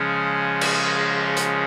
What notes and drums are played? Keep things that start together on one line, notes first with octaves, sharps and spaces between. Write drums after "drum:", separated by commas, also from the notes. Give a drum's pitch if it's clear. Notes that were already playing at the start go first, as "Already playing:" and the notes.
Already playing: C#3 F3 G#3 C#4
drum: cymbal
drum: hi-hat